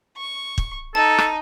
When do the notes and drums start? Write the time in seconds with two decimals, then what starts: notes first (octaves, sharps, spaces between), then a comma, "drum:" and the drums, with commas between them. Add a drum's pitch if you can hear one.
0.17 C#6
0.58 drum: kick
0.95 D#4 A4 A5
1.18 drum: rim click